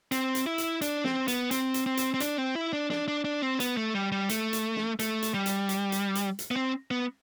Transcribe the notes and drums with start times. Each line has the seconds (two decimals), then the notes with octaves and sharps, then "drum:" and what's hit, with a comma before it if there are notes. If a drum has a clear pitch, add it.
0.12 C4, drum: hi-hat
0.35 drum: hi-hat
0.46 E4
0.58 drum: hi-hat
0.82 D4, drum: hi-hat
1.05 C4, drum: snare
1.28 B3, drum: hi-hat
1.51 C4, drum: hi-hat
1.74 drum: hi-hat
1.86 C4
1.97 drum: hi-hat
2.14 C4
2.20 D4, drum: hi-hat
2.38 C4
2.55 E4
2.73 D4
2.90 D4, drum: snare
3.08 D4
3.25 D4
3.42 C4
3.60 B3, drum: hi-hat
3.77 A3
3.95 G3
4.12 G3
4.29 A3, drum: hi-hat
4.53 drum: hi-hat
4.76 drum: snare
4.99 A3, drum: hi-hat
5.22 drum: hi-hat
5.34 G3
5.46 drum: hi-hat
5.69 drum: hi-hat
5.92 drum: hi-hat
6.15 drum: hi-hat
6.39 drum: hi-hat
6.51 B3
6.56 C4
6.91 B3